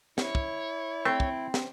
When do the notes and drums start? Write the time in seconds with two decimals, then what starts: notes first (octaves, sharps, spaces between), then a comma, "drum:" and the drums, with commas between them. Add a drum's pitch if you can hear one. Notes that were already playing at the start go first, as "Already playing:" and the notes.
0.18 E4 C#5, drum: snare
0.35 drum: kick
1.05 A3 C4
1.20 drum: kick
1.54 drum: snare